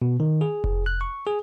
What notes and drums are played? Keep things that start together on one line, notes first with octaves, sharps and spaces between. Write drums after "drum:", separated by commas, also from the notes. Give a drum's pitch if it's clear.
B2
D#3
G#4
drum: kick F1
F#6
C#6
G#4